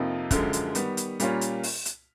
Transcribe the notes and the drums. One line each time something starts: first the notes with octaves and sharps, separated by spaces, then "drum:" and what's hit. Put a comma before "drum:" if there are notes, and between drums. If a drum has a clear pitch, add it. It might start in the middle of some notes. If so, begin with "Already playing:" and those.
Already playing: F2 C3 F3 A#3 D#4
F#2 D3 F3 G#3, drum: kick, hi-hat
drum: hi-hat
D#3 G3 B3, drum: hi-hat
drum: hi-hat
A#2 G3 A#3 C#4 F4, drum: hi-hat
drum: hi-hat
drum: open hi-hat
drum: hi-hat